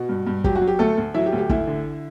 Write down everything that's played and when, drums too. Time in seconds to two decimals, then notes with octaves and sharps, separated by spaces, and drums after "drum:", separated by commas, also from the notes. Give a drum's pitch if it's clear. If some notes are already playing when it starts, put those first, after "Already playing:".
Already playing: B2 F#4
0.09 G2
0.27 G2
0.44 F#3 G4, drum: kick
0.56 F#4
0.62 F#3
0.67 G4
0.79 D2 A3 A4
0.97 D2
1.14 F#3 E4 E5
1.26 G4
1.32 D2
1.38 G4
1.49 D2 E4 E5, drum: kick
1.67 D3